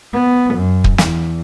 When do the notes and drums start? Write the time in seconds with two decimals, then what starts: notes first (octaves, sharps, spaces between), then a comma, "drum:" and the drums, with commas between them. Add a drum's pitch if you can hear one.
0.13 B3
0.54 F#2
0.84 drum: kick
0.98 E2, drum: snare